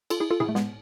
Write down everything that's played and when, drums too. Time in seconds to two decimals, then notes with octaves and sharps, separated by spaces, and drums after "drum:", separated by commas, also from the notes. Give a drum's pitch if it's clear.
0.10 F4 A4, drum: cymbal
0.20 E4 G#4
0.31 F4 A4
0.40 E4 G#4, drum: tom A2
0.49 A3
0.55 G#3 B3, drum: snare